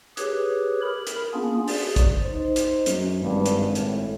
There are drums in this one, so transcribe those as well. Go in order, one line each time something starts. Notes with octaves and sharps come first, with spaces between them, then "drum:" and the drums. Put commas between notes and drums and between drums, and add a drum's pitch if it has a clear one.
G4 G#4 B4 C#5, drum: hi-hat
A#4 B5
drum: hi-hat
A#3 B3 C#4 D4 F4 G#4
G#4 D5, drum: open hi-hat
drum: kick, hi-hat
D#4 C5
drum: hi-hat
F#2, drum: hi-hat
G#1 G2
drum: hi-hat
A2, drum: hi-hat